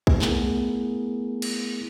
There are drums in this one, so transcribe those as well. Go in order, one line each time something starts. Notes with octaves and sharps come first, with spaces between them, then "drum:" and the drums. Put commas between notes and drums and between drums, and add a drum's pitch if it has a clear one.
drum: kick A#1
A3 B3 E4 G#4 A#4, drum: clap
drum: cymbal